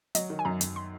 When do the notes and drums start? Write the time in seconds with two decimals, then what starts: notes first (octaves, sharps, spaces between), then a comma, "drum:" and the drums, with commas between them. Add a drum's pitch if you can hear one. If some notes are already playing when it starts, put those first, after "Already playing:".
0.15 F#3 D#5, drum: hi-hat
0.30 D#3
0.39 G#5
0.45 F#2 A#5
0.61 F#2, drum: hi-hat
0.76 C6